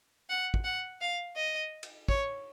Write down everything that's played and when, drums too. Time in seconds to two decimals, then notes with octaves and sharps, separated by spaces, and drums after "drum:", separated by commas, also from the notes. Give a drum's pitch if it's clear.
0.30 F#5
0.54 drum: kick
0.64 F#5
1.01 F5
1.36 D#5
1.83 drum: cymbal
2.09 C#5, drum: kick